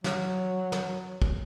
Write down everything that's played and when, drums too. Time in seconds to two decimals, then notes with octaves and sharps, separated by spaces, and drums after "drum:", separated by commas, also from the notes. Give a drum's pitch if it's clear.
0.04 F#3, drum: snare
0.72 drum: snare
1.22 drum: kick